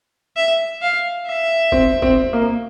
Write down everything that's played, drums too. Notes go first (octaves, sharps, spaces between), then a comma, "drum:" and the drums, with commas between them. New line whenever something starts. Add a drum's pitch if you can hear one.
E5
F5
E5
C4, drum: kick F1
C4, drum: kick F1
A#3